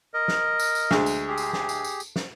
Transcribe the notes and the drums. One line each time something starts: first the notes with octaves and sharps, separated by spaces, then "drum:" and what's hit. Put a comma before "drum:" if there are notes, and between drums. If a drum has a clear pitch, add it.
A#4 D#5
drum: snare
drum: tambourine
drum: tambourine
D2 G#3, drum: snare
drum: tambourine
G4 G#4
drum: tambourine
drum: snare
drum: tambourine
drum: tambourine
drum: tambourine
drum: snare